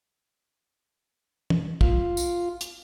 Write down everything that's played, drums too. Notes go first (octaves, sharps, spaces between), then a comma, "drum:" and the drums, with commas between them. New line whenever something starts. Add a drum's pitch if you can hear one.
drum: tom
F4, drum: kick
drum: tambourine
drum: hi-hat